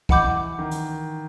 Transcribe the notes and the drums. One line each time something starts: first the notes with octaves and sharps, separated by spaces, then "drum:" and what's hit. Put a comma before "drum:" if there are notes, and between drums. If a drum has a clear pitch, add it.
E3 D#5 F#5 B5 D6 G6, drum: kick
D#3
drum: hi-hat